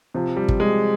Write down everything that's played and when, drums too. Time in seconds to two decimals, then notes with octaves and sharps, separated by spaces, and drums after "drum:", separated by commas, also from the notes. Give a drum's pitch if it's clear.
0.14 C3 F3
0.37 G3
0.48 drum: kick
0.60 G#3